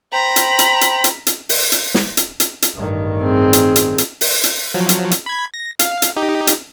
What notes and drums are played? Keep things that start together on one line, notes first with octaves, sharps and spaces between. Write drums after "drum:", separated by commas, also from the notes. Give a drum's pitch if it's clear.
C5 G5 A#5 B5
drum: hi-hat
drum: hi-hat
drum: hi-hat
drum: hi-hat
drum: hi-hat
drum: open hi-hat
drum: hi-hat
drum: snare
drum: hi-hat
drum: hi-hat
drum: hi-hat
A1 G2 D#3
C4 G#4
drum: hi-hat
drum: hi-hat
drum: hi-hat
drum: open hi-hat
drum: hi-hat
F3 F#3
drum: hi-hat
drum: hi-hat
B5 G#6
A#6
F5, drum: hi-hat
drum: hi-hat
D#4 G4
drum: hi-hat